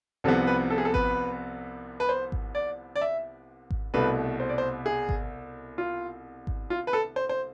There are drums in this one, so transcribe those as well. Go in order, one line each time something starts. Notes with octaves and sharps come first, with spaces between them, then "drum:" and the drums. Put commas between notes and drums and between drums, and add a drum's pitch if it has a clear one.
C2 C3 F3 B3 A4
B4
A4
G#4
A4
B4, drum: kick G#1
B4
C5
drum: kick G#1
D5
D5
E5
drum: kick G#1
C2 B2 A3 B4
C5
D5
C5
G#4
drum: kick G#1
F4
drum: kick G#1
F4
B4
A4
C5
C5